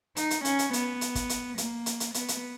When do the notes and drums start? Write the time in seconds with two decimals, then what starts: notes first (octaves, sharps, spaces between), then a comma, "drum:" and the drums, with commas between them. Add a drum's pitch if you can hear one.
0.16 D#4, drum: hi-hat
0.30 drum: hi-hat
0.45 C#4, drum: hi-hat
0.59 drum: hi-hat
0.73 B3, drum: hi-hat
1.01 drum: hi-hat
1.15 drum: kick, hi-hat
1.29 drum: hi-hat
1.58 A#3, drum: hi-hat
1.86 drum: hi-hat
2.00 drum: hi-hat
2.14 B3, drum: hi-hat
2.28 drum: hi-hat